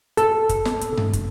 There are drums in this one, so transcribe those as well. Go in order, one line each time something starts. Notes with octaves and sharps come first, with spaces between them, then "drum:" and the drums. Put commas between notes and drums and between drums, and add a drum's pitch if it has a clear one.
A4, drum: hi-hat
drum: kick, hi-hat
drum: snare
drum: hi-hat
drum: tom G2
drum: kick, hi-hat